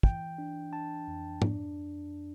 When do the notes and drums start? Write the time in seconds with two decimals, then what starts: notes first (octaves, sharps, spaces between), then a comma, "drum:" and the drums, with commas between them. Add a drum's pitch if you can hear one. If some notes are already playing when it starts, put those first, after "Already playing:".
0.03 E3 G5, drum: kick
0.38 D4
0.72 D4 A5
1.08 F2
1.42 D4, drum: tom